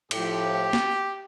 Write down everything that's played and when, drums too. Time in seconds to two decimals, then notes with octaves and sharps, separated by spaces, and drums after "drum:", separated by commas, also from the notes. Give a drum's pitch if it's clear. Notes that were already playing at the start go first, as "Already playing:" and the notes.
0.11 A2 F3 G4, drum: cymbal
0.73 drum: snare